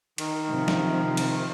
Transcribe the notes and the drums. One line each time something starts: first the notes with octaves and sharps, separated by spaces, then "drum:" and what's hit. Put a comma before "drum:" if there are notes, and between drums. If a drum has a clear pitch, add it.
D#3, drum: cymbal
C3 F3
drum: snare
drum: cymbal